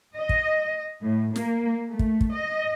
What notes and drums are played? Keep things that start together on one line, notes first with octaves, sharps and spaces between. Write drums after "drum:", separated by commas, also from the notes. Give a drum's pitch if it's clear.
D#5
drum: kick
A2
A#3, drum: snare
A3
drum: kick
drum: kick
D#5